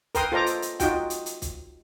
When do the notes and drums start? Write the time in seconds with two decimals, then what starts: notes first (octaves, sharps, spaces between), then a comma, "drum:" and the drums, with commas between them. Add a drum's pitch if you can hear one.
0.15 A#4 B4 G5 C6 D#6, drum: kick, hi-hat
0.32 F4 A4 C5 D#5 A#5 D6
0.46 drum: hi-hat
0.62 drum: hi-hat
0.80 D#4 F4 F#4 G5, drum: kick, hi-hat
1.10 drum: hi-hat
1.26 drum: hi-hat
1.42 drum: kick, hi-hat